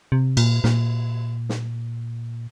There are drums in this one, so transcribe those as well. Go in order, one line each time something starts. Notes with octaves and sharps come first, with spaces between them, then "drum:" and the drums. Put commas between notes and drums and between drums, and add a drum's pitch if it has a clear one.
C3
A#2, drum: cymbal
A#2, drum: snare
drum: snare